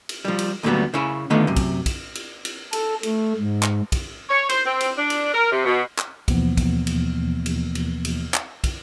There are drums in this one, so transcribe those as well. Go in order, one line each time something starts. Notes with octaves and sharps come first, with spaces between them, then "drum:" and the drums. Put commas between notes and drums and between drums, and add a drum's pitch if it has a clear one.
drum: cymbal
F3 G3
drum: cymbal
D2 A#2 D3 F#3 G3 B3
C#3 C#4 E4
D3 D#3 A3 B3 F4 B4
F#2 C3
drum: kick, cymbal
drum: kick, cymbal
drum: cymbal
drum: cymbal
A4, drum: cymbal
A3, drum: cymbal
G#2
drum: clap
drum: kick, cymbal
C#5
C5, drum: cymbal
C4
drum: cymbal
D4
drum: cymbal
A#4
C3
B2
drum: clap
D#2 B2 E3 F3 A#3 B3, drum: kick, cymbal
drum: kick, cymbal
drum: cymbal
drum: cymbal
drum: cymbal
drum: cymbal
drum: clap
drum: kick, cymbal